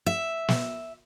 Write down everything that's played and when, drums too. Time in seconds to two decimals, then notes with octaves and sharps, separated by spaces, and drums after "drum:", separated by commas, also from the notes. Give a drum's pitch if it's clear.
0.06 E5
0.48 drum: snare